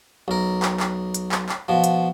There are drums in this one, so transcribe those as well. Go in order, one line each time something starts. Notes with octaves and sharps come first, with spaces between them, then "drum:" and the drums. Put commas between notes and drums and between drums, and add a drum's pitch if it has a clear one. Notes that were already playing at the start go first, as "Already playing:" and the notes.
B1 A#4
drum: clap
drum: clap
drum: hi-hat
drum: clap
drum: clap
B2 F3
drum: hi-hat